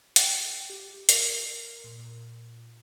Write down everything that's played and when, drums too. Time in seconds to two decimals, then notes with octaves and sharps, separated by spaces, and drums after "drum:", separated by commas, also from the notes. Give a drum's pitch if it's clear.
0.16 G5, drum: hi-hat
0.70 G4
1.09 A#4, drum: hi-hat
1.84 A#2